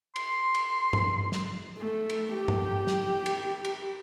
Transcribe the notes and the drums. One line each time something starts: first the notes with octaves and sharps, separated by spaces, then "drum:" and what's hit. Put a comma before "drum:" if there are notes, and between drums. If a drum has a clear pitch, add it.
C6, drum: cymbal
drum: cymbal
drum: tom G2
drum: snare
A3
drum: cymbal
G4
drum: tom G2
drum: snare
drum: cymbal
drum: cymbal